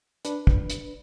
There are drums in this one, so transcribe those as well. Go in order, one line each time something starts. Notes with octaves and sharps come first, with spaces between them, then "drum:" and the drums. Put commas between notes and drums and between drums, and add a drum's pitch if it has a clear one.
D4 B4, drum: hi-hat
drum: kick
drum: hi-hat